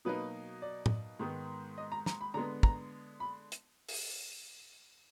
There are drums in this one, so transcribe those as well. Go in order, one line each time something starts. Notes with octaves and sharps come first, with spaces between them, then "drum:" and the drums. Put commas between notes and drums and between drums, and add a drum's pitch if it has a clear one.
B2 F#3 A#3 D#4 B4
D5
drum: tom A2
G#2 D#3 G#3 B3
D#5
A#5
A#5, drum: snare
B5
D3 G#3 B3 A#5
A#5, drum: kick
B5
drum: hi-hat
drum: open hi-hat